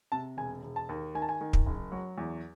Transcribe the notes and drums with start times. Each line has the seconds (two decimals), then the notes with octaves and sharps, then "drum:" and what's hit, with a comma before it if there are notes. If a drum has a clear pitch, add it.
0.12 C3 A5
0.37 E1 G#5
0.63 E1
0.76 A5
0.89 D#2
1.15 D#3 G#5
1.22 A5
1.29 G#5
1.41 D#3
1.53 drum: kick
1.66 F#1
1.92 F#3
2.18 E2